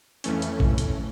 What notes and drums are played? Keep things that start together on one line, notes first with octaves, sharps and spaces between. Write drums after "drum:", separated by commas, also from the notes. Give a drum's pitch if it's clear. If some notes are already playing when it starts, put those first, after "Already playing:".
F2 E3 A3 C#4, drum: hi-hat
drum: hi-hat
drum: kick
drum: hi-hat